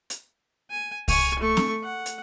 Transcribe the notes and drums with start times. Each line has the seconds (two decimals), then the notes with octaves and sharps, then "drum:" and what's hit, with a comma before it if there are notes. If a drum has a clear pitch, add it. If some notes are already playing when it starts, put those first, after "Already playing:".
0.10 drum: hi-hat
0.70 G#5
1.08 G#5 C#6, drum: kick C2, open hi-hat
1.39 A3 C#6
1.57 drum: snare
1.83 F#5
2.06 drum: hi-hat